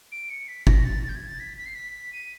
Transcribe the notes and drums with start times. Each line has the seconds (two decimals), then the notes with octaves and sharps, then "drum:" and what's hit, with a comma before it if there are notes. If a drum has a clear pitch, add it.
0.12 D7
0.30 C#7
0.48 B6
0.67 A#6, drum: kick
0.84 A6
1.03 A6
1.09 G6
1.15 G#6
1.27 A6
1.40 B6
1.57 B6
1.66 C7
1.75 B6
2.13 D#7